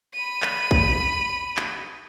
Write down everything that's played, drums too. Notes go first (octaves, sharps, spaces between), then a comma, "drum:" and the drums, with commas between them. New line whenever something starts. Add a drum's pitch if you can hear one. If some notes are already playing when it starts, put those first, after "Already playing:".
B5 D#7
drum: clap
drum: kick
drum: clap